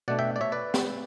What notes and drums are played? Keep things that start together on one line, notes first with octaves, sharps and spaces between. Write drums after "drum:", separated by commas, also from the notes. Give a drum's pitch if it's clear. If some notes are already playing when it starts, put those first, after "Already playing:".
B2 A3 D4 D5 F#5
E5 G5
D5
C#5 E5
B4 D5
drum: snare